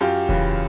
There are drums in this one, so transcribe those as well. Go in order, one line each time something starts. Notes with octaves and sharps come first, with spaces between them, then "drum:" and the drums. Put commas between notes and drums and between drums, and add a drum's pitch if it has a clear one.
F#2 F4 G4
C#3 E3, drum: kick E1, hi-hat